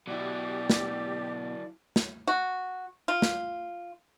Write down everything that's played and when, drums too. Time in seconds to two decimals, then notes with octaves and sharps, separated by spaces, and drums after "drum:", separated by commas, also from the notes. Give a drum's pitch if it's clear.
0.07 B2 F#3 E4 G4 D5
0.70 drum: snare
1.96 drum: snare
2.28 F#4
3.08 F4
3.22 drum: snare